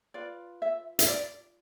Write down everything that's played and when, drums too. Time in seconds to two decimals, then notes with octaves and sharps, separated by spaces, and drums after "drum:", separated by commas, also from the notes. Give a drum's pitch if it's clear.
0.14 F4 B4 D5
0.62 E5
0.99 E5, drum: hi-hat
1.07 D5